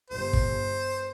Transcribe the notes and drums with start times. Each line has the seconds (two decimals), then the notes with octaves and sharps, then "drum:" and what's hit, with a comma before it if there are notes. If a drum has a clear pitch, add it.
0.10 G1 C5
0.33 drum: kick